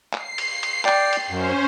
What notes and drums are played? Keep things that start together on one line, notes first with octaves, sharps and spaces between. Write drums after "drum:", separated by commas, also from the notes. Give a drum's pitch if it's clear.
C7, drum: clap
drum: cymbal
drum: cymbal
D5 G5, drum: clap
drum: cymbal
F#2 C#4 C5